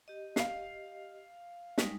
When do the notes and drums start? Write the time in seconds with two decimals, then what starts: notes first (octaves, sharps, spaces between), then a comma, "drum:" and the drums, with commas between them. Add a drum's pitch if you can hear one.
0.08 G4 D#5
0.36 F5 C7, drum: snare
1.78 G3 G#3 D#4, drum: snare